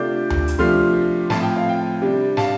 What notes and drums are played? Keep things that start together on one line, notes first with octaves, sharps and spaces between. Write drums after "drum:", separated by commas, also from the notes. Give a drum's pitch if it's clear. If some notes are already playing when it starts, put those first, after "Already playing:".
Already playing: C3 A3 D4 F4 D6 G6
drum: tom D2
drum: hi-hat
C3 F3 A3 D4 F4 C6 F6
A2 F3 C4 F4 A5, drum: snare
G5
F5
G5
C3 G3 D4
F5 A5, drum: snare